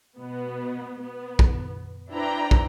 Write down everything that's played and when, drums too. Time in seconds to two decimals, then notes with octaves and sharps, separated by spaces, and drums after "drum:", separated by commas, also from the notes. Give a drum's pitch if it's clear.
0.18 B2 B3
1.02 B3
1.39 drum: kick
2.12 D4 E4 B4 C5 G5 A#5
2.51 drum: kick